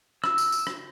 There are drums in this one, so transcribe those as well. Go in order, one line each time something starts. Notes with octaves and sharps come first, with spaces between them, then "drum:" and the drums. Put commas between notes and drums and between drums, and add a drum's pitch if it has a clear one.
E6, drum: rim click
drum: tambourine
drum: tambourine
drum: rim click